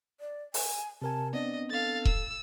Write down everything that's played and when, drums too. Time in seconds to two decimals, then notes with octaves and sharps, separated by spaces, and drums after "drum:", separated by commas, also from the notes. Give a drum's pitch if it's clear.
0.20 D5
0.54 G#5, drum: open hi-hat
1.02 C3 A#4 G#5 A5
1.33 B3 C4 D4 D5 D#5
1.70 A4 F5 A6
2.05 E6, drum: kick E1